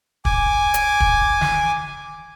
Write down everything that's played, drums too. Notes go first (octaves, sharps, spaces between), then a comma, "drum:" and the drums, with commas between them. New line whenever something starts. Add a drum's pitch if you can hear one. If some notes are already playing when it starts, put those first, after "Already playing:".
G#5 D6, drum: kick
drum: hi-hat
drum: kick
drum: snare